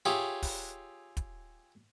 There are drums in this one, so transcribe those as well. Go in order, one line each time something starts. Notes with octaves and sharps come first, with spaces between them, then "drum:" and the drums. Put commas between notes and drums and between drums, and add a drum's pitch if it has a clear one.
F4 G4 G#4 C#5 E5
drum: kick, open hi-hat
drum: kick, hi-hat